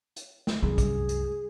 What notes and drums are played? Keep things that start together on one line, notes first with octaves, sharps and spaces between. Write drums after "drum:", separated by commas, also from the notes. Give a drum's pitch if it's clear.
drum: hi-hat
drum: snare
C2 F#2 G3 G#3 G#4
drum: kick, hi-hat
drum: hi-hat